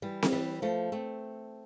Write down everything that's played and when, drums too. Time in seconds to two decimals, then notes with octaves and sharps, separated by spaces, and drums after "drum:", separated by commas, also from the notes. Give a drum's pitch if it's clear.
0.02 E3 G3
0.23 drum: snare C4
0.32 E3 G3
0.62 F3 A3
0.92 A3 C4